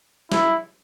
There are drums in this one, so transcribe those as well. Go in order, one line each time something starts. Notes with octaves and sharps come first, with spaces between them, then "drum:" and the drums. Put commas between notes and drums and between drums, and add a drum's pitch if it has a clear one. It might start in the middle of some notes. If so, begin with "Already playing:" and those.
E4, drum: snare